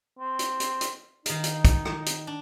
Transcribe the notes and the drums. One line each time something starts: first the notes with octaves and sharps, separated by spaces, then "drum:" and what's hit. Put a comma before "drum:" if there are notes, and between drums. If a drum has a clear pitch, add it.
C4
drum: hi-hat
drum: hi-hat
drum: hi-hat
D#3 D#4 F5, drum: hi-hat
drum: hi-hat
drum: kick, hi-hat
drum: rim click
drum: hi-hat
D4